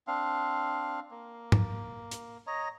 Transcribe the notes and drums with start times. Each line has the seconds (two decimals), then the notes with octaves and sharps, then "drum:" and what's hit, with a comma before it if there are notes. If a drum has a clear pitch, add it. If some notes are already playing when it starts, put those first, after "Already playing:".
0.07 C4 D4 F5
1.11 A#3
1.52 drum: tom G#2
2.11 drum: hi-hat
2.47 C#5 D#5 A#5